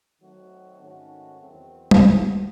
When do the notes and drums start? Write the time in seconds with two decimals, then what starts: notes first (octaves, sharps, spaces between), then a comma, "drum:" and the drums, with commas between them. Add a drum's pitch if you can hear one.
0.20 D#3 F#3 A3 C4 F#4
0.80 G#2 D#3 A3 C#4 F#4
1.41 E2 D#3 F#3 C4
1.91 drum: tom
2.01 E3 C4 F#4